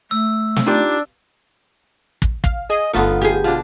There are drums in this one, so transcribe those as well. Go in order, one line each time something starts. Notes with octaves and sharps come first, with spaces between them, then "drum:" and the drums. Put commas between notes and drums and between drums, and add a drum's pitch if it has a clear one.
A3 E6
drum: snare
D4 D#4 F4 G4
drum: kick
F5, drum: kick
G#4 D#5 D#6
G1 D3 A3 B3 D#4 F4 A4
G4 G#4
B2 D4 F4